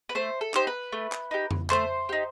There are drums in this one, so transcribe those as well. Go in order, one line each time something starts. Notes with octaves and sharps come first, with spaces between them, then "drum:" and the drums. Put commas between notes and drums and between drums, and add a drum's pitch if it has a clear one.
B4
A3 C5
A4
D#4 G4 C5, drum: clap
B4
A3
drum: clap
D#4 G4
drum: tom F2
A3 C5, drum: clap
D#4 G4